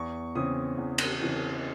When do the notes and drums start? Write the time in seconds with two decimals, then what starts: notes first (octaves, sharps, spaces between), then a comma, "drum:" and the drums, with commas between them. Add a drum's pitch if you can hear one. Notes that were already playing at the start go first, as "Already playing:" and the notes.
Already playing: E2 C#6
0.35 C#3 E3 C4 D#6
0.78 E2
0.98 drum: cymbal
1.20 C#3 E3 C4